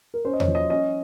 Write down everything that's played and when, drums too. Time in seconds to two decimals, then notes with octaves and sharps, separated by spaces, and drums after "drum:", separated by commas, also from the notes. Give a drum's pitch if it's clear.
0.14 A#4
0.25 C#4 C5
0.33 D#5
0.40 C#5, drum: tom E2
0.47 F3
0.55 D#5
0.70 C#4 D#5